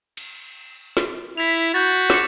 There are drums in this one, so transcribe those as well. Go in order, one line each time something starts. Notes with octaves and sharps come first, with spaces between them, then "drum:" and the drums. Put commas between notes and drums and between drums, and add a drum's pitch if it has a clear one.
drum: cymbal
drum: snare
E4 B6 F7
F#4 G6 A6
D6 C#7, drum: snare